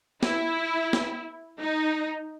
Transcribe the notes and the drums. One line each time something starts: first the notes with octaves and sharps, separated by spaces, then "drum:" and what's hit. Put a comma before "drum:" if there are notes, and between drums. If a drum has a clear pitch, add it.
E4, drum: snare
drum: snare
D#4